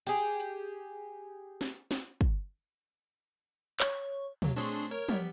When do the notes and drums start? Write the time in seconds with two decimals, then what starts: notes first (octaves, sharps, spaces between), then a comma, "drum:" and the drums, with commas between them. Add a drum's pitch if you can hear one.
0.07 G4 G#4, drum: hi-hat
0.40 drum: hi-hat
1.61 drum: snare
1.91 drum: snare
2.21 drum: kick
3.80 C#5, drum: clap
4.42 D#2 F#3, drum: tom
4.56 A3 C4 D4 G#4 C#5 C6
4.91 A#4 C#5
5.09 G3 B3, drum: tom